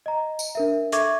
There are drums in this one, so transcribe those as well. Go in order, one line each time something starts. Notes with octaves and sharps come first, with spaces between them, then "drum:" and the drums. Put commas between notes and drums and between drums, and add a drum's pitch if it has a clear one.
D#5 A#5
drum: tambourine
D4 A#4 E5
A4 E5 C#6 D6 G#6, drum: hi-hat